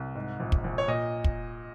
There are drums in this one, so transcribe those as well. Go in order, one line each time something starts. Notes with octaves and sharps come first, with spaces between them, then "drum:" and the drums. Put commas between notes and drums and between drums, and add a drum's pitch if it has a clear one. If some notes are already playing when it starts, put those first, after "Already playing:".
Already playing: C2
G#2
A#1
drum: kick
A#1
C#5
A#2 D#5
drum: kick